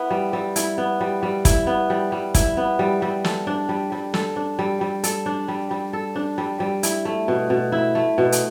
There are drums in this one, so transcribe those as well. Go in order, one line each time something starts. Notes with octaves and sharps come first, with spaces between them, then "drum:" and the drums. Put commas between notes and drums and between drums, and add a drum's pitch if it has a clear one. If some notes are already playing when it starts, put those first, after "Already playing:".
Already playing: B3 E4
G3
G3
E4, drum: hi-hat
B3
G3
G3
E4, drum: kick, hi-hat
B3
G3
G3
E4, drum: kick, hi-hat
B3
G3
G3
A4, drum: snare
D4
G3
G3
A4, drum: snare
D4
G3
G3
A4, drum: hi-hat
D4
G3
G3
A4
D4
G3
G3
E4, drum: hi-hat
A3
B2
B2
E4
A3
B2
drum: hi-hat